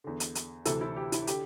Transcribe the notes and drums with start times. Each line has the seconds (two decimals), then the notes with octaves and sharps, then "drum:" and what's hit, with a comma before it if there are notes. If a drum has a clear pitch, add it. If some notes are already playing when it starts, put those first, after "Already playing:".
0.04 E2 D3
0.20 drum: hi-hat
0.35 drum: hi-hat
0.65 D2 C3 E3 A4, drum: hi-hat
0.81 E4
0.96 G4
1.12 E4, drum: hi-hat
1.27 D3 G4, drum: hi-hat